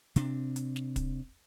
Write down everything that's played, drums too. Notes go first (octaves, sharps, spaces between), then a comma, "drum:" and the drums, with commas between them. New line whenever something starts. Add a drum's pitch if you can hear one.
C3 C4 D4, drum: hi-hat
drum: hi-hat
drum: snare
drum: kick, hi-hat